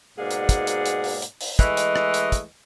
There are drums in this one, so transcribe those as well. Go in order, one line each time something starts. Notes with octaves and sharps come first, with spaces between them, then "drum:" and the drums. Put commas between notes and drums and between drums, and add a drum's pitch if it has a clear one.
G#2 B2 A#3 G#4 D5 F#5
drum: hi-hat
drum: kick, hi-hat
drum: hi-hat
drum: hi-hat
drum: open hi-hat
drum: hi-hat
drum: open hi-hat
E3 G#3 A3 D#5, drum: kick, hi-hat
drum: hi-hat
drum: rim click
drum: hi-hat
drum: kick, hi-hat